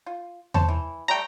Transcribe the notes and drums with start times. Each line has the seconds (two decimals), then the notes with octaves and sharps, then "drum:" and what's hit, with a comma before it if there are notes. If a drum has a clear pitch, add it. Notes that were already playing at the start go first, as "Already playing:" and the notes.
0.06 F4
0.54 C5 C#5 A5, drum: tom E2
0.69 E3
1.08 F#3 G3 A3 G5 A#5